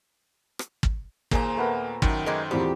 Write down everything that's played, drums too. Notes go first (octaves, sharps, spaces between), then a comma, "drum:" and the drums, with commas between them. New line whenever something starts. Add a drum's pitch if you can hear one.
drum: rim click
drum: kick
D#2 A#2 A#3 G#4 C5 A#5, drum: kick
A3 B3 A#4
F#2 D#3 G5, drum: kick
G#3 A#3 D#4 C5
E2 A#2 G3 C4 G4